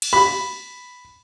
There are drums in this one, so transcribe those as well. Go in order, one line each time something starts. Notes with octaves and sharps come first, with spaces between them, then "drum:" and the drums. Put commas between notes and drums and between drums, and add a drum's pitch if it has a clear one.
drum: cymbal
B5